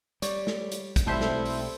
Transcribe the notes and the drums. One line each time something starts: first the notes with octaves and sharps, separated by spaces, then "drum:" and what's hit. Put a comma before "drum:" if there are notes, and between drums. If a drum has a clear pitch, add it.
G3 C#5 D5, drum: hi-hat
drum: snare
drum: hi-hat
drum: kick, hi-hat
B1 G3 A3 C4 E4 A4 C5 E5
drum: snare
drum: open hi-hat